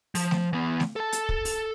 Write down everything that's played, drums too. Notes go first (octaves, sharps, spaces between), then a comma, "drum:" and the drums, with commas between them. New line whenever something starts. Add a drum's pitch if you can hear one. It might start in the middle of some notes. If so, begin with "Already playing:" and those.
F3, drum: open hi-hat
drum: snare A3
E3 B3
drum: snare A3
A4 A5
drum: hi-hat
drum: kick
drum: open hi-hat